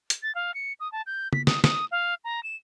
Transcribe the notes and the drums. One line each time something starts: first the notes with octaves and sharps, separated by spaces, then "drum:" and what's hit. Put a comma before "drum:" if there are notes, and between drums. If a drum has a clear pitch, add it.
drum: hi-hat
A6
F5
C#7
D#6
A5
G6
B6, drum: tom C#3
D#6, drum: snare
D#6, drum: snare
F5
A#5
E7